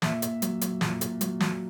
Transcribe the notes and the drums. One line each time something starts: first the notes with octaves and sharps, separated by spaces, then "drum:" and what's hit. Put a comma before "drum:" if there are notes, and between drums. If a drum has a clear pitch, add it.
A#2 E5, drum: snare
A#2, drum: hi-hat
F#3, drum: hi-hat
F#3, drum: hi-hat
A#2, drum: snare
A#2, drum: hi-hat
F#3, drum: hi-hat
F#3, drum: snare